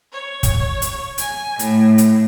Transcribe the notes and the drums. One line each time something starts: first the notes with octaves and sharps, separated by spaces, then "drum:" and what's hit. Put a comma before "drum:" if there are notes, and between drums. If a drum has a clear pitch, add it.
C#5
drum: kick, hi-hat
drum: hi-hat
G#5, drum: hi-hat
A2, drum: hi-hat
drum: hi-hat